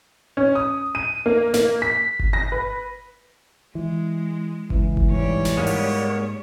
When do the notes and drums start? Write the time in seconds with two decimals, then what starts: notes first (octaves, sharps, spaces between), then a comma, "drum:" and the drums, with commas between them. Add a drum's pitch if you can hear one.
0.37 C#4
0.55 D#6
0.95 D#7
1.26 A#3
1.54 A#3, drum: snare
1.82 B6
2.20 drum: kick G1
2.33 A#6
2.52 B4
3.75 E3 G#3
4.70 C#2 E3, drum: kick G1
4.97 drum: kick G1
5.11 B1 E2 G#2 G3 C#5
5.45 drum: snare
5.57 G#2 G#3 A#3 B3
5.67 drum: open hi-hat